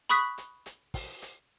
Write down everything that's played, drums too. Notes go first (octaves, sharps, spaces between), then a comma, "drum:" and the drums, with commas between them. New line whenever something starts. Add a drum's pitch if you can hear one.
B5 C#6 D#6 F#6 B6, drum: hi-hat
drum: hi-hat
drum: hi-hat
drum: kick, open hi-hat
drum: hi-hat